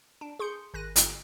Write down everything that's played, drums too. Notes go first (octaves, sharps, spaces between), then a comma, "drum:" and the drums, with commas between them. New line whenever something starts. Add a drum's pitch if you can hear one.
D4
G#4 C6 G6 C#7
G#1 F#6 A#6 D#7
G1, drum: hi-hat